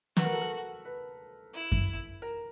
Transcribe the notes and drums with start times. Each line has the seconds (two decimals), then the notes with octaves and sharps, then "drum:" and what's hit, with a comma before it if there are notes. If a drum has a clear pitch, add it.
0.17 F#4 B4, drum: snare
0.25 A#4
0.33 A4
0.41 A#4
0.85 B4
1.54 E4
1.72 drum: kick F#2
2.22 A#4